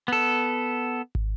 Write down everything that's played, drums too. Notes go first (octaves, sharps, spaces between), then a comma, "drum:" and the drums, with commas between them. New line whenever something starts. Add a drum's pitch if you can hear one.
B3 A4
drum: kick